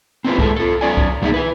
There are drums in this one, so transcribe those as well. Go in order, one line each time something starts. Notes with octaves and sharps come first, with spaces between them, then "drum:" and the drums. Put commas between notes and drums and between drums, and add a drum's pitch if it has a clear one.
C4 C#4 E4 F4 B4 C5
G#3 A3 A4 C#5 E5, drum: kick C2
F4 A4
F#3 C#4 D5 G#5
drum: kick C2
B2 G3 B3 D#4 G#4 E5
E4 B4